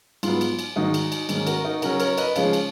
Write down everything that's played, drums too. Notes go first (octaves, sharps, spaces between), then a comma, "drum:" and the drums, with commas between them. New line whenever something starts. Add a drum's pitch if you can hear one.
G#2 F#3 B3 F4, drum: cymbal
drum: cymbal
drum: cymbal
G#2 D#3 G#3 D#4 F#4
drum: cymbal
drum: cymbal
G#2 D#3 A#3 C#4, drum: cymbal
F#4 A#4, drum: cymbal
D#4 F#4
C#3 F#3 C#4 F#4 A#4, drum: cymbal
A#4 C#5, drum: cymbal
B4 D#5, drum: cymbal
C#3 F3 G#3 C#5 F5, drum: cymbal
drum: cymbal